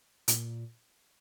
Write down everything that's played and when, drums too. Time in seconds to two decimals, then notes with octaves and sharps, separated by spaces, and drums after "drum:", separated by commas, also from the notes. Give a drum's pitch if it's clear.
0.28 A#2, drum: hi-hat